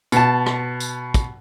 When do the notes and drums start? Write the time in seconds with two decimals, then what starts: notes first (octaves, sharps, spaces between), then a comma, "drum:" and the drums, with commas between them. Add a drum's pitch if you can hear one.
0.12 B2 A5, drum: tambourine
0.46 drum: rim click
0.80 drum: tambourine
1.14 drum: kick, tambourine